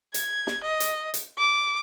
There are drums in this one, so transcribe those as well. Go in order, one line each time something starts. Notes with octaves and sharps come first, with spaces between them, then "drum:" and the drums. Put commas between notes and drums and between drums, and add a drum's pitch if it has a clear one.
G#6, drum: hi-hat
drum: snare
D#5
drum: hi-hat
drum: hi-hat
D6